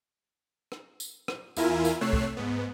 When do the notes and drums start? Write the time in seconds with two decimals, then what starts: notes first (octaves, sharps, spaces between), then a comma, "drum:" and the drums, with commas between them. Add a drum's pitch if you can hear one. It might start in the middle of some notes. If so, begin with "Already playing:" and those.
0.72 drum: rim click
1.00 drum: tambourine
1.28 drum: rim click
1.57 E2 E4 F4 A#4 E5 G#5, drum: tambourine
1.85 drum: tambourine
2.01 C3 A3 C#5 E6 F#6 C7
2.13 drum: kick
2.37 G#2 B3